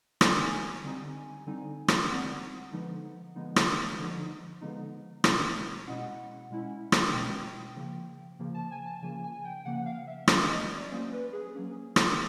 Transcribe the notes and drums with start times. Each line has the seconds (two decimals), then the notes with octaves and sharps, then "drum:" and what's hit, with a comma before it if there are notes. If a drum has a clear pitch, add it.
0.21 D3 G3 C4 D#4 G#5, drum: rim click
0.84 D3 G3 C4 D#4
1.46 D3 G3 C4 D#4
1.88 drum: rim click
2.09 D3 G3 C4 D#4 F#5
2.72 D3 F3 G#3 B3 D#4
3.35 D3 F3 G#3 B3 D#4
3.56 drum: rim click
3.99 D3 F3 G#3 B3 D#4
4.61 D3 F3 G#3 B3 D#4
5.24 B2 G#3 C#4 E4, drum: rim click
5.87 B2 G#3 C#4 E4 F#5
6.50 B2 G#3 C#4 E4
6.92 drum: rim click
7.13 B2 G#3 C#4 E4 G5
7.76 C#3 F3 A#3
8.39 C#3 F3 A#3
8.54 A5
8.71 G#5
8.86 A5
9.02 C#3 F3 A#3 G#5
9.23 G#5
9.44 G5
9.65 C#3 F3 A#3 F#5
9.86 F5
10.07 E5
10.28 F#3 A#3 C#4 E5, drum: rim click
10.49 D#5
10.70 D5
10.91 F#3 A#3 C#4 C5
11.12 B4
11.33 G#4
11.54 F#3 A#3 C#4
11.96 drum: rim click